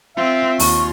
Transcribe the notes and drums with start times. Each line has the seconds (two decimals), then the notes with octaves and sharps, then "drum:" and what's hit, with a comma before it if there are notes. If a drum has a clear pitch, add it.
0.17 C4 F4 E5
0.59 D#2 C#6, drum: open hi-hat